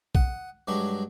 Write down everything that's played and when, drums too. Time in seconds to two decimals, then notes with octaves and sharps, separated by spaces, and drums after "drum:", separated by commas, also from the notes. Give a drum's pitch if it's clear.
0.15 F#5 D#6, drum: kick
0.67 G2 F#3 G#3 D4 G4